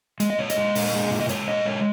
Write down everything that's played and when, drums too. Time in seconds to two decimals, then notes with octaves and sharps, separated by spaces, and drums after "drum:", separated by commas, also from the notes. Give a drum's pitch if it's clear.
0.20 G#3, drum: hi-hat
0.30 D#5
0.38 A#2 C#5
0.50 D#5, drum: hi-hat
0.56 G#3
0.75 A#2, drum: open hi-hat
0.93 G#3
1.11 A#2
1.21 D#5
1.29 G#3 C#5, drum: hi-hat
1.47 A#2 D#5
1.65 G#3 C#5